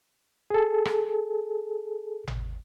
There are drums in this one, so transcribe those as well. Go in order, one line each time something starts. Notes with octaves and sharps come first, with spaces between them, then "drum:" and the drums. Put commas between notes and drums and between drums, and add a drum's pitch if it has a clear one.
G#4 A4
drum: rim click
drum: tom G#1